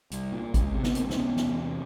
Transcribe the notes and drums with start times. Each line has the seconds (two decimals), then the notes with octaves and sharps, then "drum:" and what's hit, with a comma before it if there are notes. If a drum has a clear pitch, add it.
0.11 C2, drum: hi-hat
0.32 A#2
0.54 C#2, drum: kick G#1, hi-hat
0.74 C3
0.83 B3, drum: snare
0.95 C#2 A#3 C4, drum: hi-hat
1.10 C4, drum: snare
1.16 C3 B3 C#4
1.37 E2, drum: snare
1.58 C3